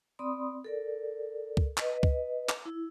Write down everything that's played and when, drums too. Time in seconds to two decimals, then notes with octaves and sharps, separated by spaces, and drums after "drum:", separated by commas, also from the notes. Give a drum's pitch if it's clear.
0.19 C4 D5 B5 C6 D#6
0.64 A4 A#4 D5
1.57 drum: kick C#2
1.78 B4 D#5, drum: clap
2.03 drum: kick C#2
2.49 drum: clap
2.65 E4